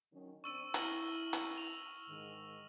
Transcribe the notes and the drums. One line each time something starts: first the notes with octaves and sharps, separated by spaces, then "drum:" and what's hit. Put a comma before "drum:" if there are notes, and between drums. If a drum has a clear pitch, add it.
D#3 F#3 C#4
C4 D4 C#6 E6 D#7
E4 F6 A#6 F#7, drum: hi-hat
drum: hi-hat
F7
G#2 D#3